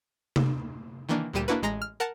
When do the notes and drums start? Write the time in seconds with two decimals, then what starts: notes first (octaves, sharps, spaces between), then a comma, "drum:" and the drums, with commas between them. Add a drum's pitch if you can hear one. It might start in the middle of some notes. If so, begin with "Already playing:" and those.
0.36 drum: tom C3
1.09 D#3 E3 A#3 D4
1.33 D2 A#2 G3 G4 D#7 E7
1.48 A#3 D4 E4 F#4 B4
1.63 A1 G#3 A#5 A#6
1.82 F6
2.00 A#4 F#5 A5